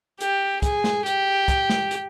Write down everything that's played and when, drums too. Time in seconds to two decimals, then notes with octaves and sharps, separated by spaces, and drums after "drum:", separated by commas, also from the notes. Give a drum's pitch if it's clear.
0.20 G4, drum: hi-hat
0.62 G#4, drum: kick, hi-hat
0.84 drum: snare
1.06 G4, drum: hi-hat
1.48 drum: kick, hi-hat
1.70 drum: snare
1.91 drum: hi-hat